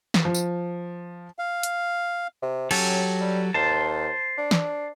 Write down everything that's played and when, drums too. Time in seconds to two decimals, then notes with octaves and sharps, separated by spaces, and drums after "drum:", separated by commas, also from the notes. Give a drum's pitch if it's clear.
0.14 drum: snare
0.25 F3
0.34 drum: tambourine
1.39 F5
1.63 drum: hi-hat
2.42 C3
2.71 F#3 C#4 G4 A4, drum: cymbal
3.21 G3
3.54 D#2 C5 A5
4.38 D4
4.51 drum: snare